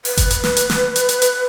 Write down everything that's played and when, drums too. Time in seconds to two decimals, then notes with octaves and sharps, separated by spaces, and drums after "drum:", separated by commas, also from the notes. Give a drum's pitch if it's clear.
0.05 B4, drum: open hi-hat
0.17 drum: kick G1, hi-hat
0.30 drum: hi-hat
0.43 drum: snare
0.57 drum: hi-hat
0.70 drum: snare
0.96 drum: hi-hat
1.09 drum: hi-hat
1.22 drum: hi-hat